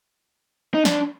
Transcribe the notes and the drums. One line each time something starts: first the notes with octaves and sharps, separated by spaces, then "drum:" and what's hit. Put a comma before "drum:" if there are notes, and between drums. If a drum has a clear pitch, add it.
D#4
D4, drum: snare